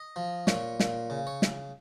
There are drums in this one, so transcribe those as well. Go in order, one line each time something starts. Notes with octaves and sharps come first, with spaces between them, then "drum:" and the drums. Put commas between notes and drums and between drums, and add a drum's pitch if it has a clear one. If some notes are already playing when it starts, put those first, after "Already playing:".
Already playing: D#5
F3
A#2 C#5, drum: snare
A#2, drum: snare
C#3
C#5
drum: snare